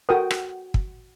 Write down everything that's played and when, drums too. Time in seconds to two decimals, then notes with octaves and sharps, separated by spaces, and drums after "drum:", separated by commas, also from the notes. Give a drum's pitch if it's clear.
0.09 F#4 A4 A#4 G5 D#6
0.31 drum: rim click
0.74 drum: kick